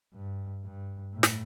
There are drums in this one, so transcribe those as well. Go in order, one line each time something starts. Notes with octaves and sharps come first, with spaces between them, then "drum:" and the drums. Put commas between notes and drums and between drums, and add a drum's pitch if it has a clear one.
G2
G2
A2
drum: snare